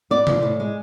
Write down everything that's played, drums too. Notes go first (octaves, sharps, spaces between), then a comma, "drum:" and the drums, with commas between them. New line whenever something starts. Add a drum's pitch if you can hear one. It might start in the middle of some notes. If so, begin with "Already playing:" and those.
B3 D5
F3, drum: tom C3
A2
G#3